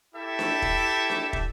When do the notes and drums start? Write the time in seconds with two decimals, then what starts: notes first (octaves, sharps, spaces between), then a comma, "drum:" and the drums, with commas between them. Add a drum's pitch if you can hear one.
0.15 E4 G4 A4 E5
0.39 drum: snare D4
0.62 drum: kick
1.09 drum: snare D4
1.33 drum: kick